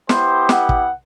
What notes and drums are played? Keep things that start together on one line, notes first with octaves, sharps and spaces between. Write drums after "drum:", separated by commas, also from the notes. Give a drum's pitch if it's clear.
B3 E4 G4 C5, drum: snare
F#5, drum: snare
drum: kick